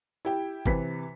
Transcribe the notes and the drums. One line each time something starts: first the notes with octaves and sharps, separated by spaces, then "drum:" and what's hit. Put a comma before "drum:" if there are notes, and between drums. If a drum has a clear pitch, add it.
E4 G4 G5
C3 E3 B4 B6, drum: kick